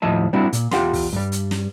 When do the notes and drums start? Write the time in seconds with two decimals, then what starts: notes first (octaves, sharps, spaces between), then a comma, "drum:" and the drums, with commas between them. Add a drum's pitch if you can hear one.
0.02 D#2 A2 F3 D#5 E5 A5
0.33 G3 C4 D4 E4 F#4
0.53 A#2, drum: hi-hat
0.71 E2 F4 G4 F5 F#5 C6, drum: snare
0.93 drum: kick, open hi-hat
1.13 G2 G3
1.32 drum: hi-hat
1.51 drum: snare